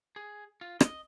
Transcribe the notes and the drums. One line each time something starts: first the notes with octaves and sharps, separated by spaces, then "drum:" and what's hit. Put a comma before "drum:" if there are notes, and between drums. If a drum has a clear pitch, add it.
G#4
F4
D#5, drum: rim click